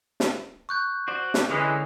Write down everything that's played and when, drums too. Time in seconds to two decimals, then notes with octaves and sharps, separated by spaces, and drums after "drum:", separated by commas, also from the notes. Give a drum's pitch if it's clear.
0.20 drum: snare
0.69 C#6 F#6 G6
1.08 F#4 C5 D5
1.34 drum: snare
1.49 D3 E3 G#3 C#4